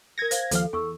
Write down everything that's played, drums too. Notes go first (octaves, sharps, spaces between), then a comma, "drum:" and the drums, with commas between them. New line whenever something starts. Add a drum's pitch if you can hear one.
A#4 G#6 A#6 C#7
C5 F5, drum: hi-hat
D#2 F3 A4 F5, drum: hi-hat
E2 A4 C#6 E6